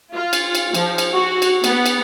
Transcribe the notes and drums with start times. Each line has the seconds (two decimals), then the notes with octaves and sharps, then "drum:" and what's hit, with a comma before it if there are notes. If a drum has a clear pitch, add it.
0.13 F4
0.33 drum: cymbal
0.55 drum: cymbal
0.74 F3, drum: cymbal
0.98 drum: cymbal
1.12 F#4
1.42 drum: cymbal
1.64 B3, drum: cymbal
1.86 drum: cymbal